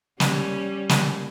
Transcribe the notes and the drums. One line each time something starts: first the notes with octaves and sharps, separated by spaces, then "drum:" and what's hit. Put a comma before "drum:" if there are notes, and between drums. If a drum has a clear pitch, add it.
G3 C#4, drum: snare
drum: snare